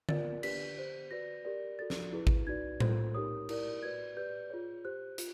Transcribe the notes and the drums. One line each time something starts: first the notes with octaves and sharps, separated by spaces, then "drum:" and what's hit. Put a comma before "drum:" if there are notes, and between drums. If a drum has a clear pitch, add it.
F4 A#4 D5 A6, drum: tom D3
D4 G4 B4 D5 B6, drum: cymbal
G4 C5
F#4 B4 D5 A#6
G4 A#4 D5
F#4 A4 D5 A6
drum: snare
E4 G#4 B4
drum: kick G#1
D#4 F#4 B4 D5 G#6
F4 A4 C5, drum: tom A2
D#4 G4 A#4 C#5 D#6
E4 G4 A#4 D5, drum: cymbal
F#4 B4 D5 G#6
G4 B4 D5 G6
F4 G#4 C#5
G4 C5 F#6
F4, drum: hi-hat